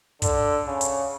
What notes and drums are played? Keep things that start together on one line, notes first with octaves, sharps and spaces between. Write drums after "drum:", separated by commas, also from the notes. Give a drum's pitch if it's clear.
D3, drum: kick, hi-hat
C#3
drum: hi-hat